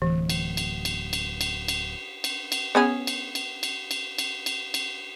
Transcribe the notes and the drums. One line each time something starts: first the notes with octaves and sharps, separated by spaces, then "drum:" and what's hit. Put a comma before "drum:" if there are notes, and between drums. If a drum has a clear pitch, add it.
D1 E3
drum: cymbal
drum: cymbal
drum: cymbal
drum: cymbal
drum: cymbal
drum: cymbal
drum: cymbal
drum: cymbal
B3 C#4 G#4
drum: cymbal
drum: cymbal
drum: cymbal
drum: cymbal
drum: cymbal
drum: cymbal
drum: cymbal